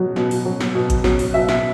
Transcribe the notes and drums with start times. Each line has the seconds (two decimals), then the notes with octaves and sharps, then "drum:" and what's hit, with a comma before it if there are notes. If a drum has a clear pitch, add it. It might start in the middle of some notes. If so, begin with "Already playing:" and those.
Already playing: B2 F#3
0.16 B2, drum: snare
0.31 drum: open hi-hat
0.46 F#3
0.60 drum: snare
0.75 B2
0.90 drum: kick A1, hi-hat
1.04 F#3, drum: snare
1.19 drum: open hi-hat
1.34 B2 E5
1.49 drum: snare